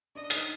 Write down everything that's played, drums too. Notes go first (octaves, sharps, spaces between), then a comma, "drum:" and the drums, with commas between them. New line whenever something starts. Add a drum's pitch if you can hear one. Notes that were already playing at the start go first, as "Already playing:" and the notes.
D4 D#5
D#4, drum: hi-hat